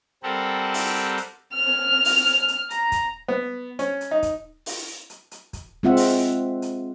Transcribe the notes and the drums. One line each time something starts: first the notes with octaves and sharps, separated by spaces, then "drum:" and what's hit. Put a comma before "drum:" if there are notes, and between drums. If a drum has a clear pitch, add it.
G3 C4 G4 A4 A#4 F#5
drum: open hi-hat
drum: hi-hat
F6
drum: open hi-hat
drum: hi-hat
A#5, drum: hi-hat
drum: kick, hi-hat
B3
C#4, drum: hi-hat
drum: hi-hat
D#4
drum: kick, hi-hat
drum: open hi-hat
drum: hi-hat
drum: hi-hat
drum: kick, hi-hat
G#3 C4 F4 E5 F#5
drum: open hi-hat
drum: hi-hat